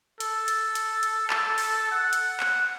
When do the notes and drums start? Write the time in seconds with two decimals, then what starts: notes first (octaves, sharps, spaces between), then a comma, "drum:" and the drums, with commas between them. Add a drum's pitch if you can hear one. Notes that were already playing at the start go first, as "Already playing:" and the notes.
0.20 A4, drum: hi-hat
0.48 drum: hi-hat
0.75 drum: hi-hat
1.03 drum: hi-hat
1.30 drum: clap
1.58 drum: open hi-hat
1.92 F#5
2.13 drum: hi-hat
2.40 drum: clap